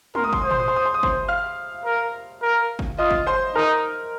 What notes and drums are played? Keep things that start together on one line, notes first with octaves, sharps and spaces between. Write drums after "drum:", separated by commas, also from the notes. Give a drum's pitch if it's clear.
A#4 C6, drum: tom
D#6
C6, drum: kick G1
C5 D#6
C6, drum: tom
D#6
C6
D#6
C6
D#6
C5 C6, drum: kick G1
F5 F6
A#4
A#4
drum: kick G1
F4 D#5 D#6
drum: kick G1
C5 C6
D#4 A#4 A#5